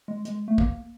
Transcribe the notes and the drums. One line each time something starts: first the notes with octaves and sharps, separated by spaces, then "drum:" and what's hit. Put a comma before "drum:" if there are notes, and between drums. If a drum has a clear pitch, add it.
G#3
G#3, drum: hi-hat
A3
A#3, drum: kick